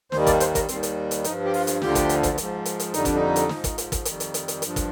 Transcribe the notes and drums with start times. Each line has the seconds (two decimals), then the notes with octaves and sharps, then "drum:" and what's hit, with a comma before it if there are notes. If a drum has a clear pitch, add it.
0.12 D#2 D#3 G3 C5, drum: snare
0.27 D5, drum: kick, hi-hat
0.40 C5, drum: hi-hat
0.55 A#4, drum: kick, hi-hat
0.69 D#2 D#3 G3 C4, drum: hi-hat
0.83 drum: hi-hat
1.11 drum: hi-hat
1.24 G2 F3 D#4, drum: hi-hat
1.45 G4
1.54 F4, drum: open hi-hat
1.67 drum: hi-hat
1.82 D2 D3 F3 G4, drum: snare
1.95 drum: kick, hi-hat
2.09 drum: hi-hat
2.23 drum: kick, hi-hat
2.38 G#2 F3, drum: hi-hat
2.65 drum: hi-hat
2.80 drum: hi-hat
2.94 F2 D3 G3 D#4, drum: hi-hat
3.05 D4, drum: kick, hi-hat
3.15 D#4
3.36 drum: hi-hat
3.49 G#2 F3, drum: snare
3.64 drum: kick, hi-hat
3.78 drum: hi-hat
3.92 drum: kick, hi-hat
4.05 F2 D#3 G3, drum: hi-hat
4.20 drum: hi-hat
4.34 drum: hi-hat
4.48 drum: hi-hat
4.62 G2 F3, drum: hi-hat
4.76 drum: kick, hi-hat